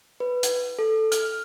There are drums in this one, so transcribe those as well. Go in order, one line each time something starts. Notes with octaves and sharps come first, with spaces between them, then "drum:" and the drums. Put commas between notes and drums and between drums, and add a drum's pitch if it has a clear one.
B4
drum: hi-hat
A4
F6, drum: hi-hat